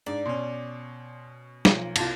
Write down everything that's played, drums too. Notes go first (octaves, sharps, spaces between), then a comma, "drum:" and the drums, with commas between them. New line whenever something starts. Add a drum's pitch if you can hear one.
G#2 D4 D5
B2 C#4 C6
B1 F3 A#3 F4, drum: snare
C2 F4 A5, drum: cymbal